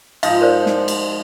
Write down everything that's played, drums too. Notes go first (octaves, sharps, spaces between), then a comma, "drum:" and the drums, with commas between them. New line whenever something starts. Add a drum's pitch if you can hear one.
G#2 F3 D#4 F5, drum: cymbal
A#4 C5 D5
drum: snare
drum: cymbal